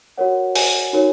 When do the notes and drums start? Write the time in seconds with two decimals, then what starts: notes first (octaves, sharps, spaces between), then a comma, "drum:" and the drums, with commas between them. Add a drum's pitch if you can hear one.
0.18 F#4 A#4 C#5 F#5
0.55 G#5, drum: open hi-hat
0.93 D#4 F#4 A#4 C#5